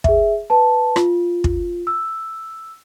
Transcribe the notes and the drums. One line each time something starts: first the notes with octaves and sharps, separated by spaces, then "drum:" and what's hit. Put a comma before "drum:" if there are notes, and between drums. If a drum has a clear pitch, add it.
G#4 E5, drum: kick
B4 A5
F4, drum: rim click
drum: kick
E6